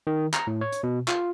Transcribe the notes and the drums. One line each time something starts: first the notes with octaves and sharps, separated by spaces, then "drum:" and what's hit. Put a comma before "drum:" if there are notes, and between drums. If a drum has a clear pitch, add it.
D#3
A#5, drum: clap
A2
C#5
drum: hi-hat
B2
F4, drum: clap